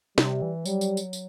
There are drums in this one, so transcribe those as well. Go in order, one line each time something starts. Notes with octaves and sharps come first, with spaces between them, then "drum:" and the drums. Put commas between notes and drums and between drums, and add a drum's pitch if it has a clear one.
C3 G3, drum: snare
E3
F#3 G3, drum: tambourine
drum: tambourine
drum: tambourine
drum: tambourine